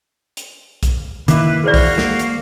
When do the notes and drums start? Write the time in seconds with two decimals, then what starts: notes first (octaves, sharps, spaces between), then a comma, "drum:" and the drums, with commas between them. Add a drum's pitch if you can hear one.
0.37 drum: hi-hat
0.83 drum: kick B1, hi-hat
1.28 D#3 A#3 E4 B4 D6, drum: hi-hat
1.64 E3 F#4 G#4 C5 D5 F5
1.74 drum: kick B1, open hi-hat
1.98 A#3, drum: snare
2.19 drum: hi-hat